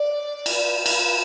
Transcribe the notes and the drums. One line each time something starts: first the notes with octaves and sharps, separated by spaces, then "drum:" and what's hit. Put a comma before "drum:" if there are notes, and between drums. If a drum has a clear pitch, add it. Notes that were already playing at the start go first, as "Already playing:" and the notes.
Already playing: D5
drum: cymbal
drum: cymbal